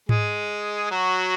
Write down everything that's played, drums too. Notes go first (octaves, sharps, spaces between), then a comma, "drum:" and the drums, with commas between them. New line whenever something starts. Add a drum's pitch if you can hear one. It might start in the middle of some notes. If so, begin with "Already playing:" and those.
G#3 G#4, drum: tom G#2
F#3 F#4